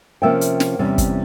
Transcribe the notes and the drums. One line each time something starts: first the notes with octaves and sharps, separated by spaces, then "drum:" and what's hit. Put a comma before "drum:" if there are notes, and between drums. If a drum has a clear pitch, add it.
C3 F3 A#3 C#4 E5 G5
drum: hi-hat
drum: snare
E2 C3 G3 C#4
drum: kick, hi-hat